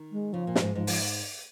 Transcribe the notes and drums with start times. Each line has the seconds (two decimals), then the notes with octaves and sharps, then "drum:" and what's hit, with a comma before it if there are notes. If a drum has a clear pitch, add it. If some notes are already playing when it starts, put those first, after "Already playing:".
Already playing: D#3
0.12 G#3
0.33 C#3 F3
0.47 A#2
0.55 G2, drum: snare
0.61 G#2
0.75 G#2 F3
0.87 F3, drum: open hi-hat